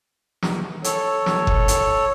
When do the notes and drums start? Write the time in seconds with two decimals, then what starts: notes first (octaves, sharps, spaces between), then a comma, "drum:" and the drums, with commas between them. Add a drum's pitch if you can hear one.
0.43 drum: snare
0.84 A4 C#5, drum: hi-hat
1.26 drum: snare
1.47 drum: kick F#1
1.68 drum: hi-hat